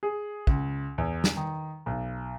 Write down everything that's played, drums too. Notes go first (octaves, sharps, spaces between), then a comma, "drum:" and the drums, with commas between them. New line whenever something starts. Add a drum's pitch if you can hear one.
G#4
C#2, drum: kick
E2
drum: snare
D#3
B1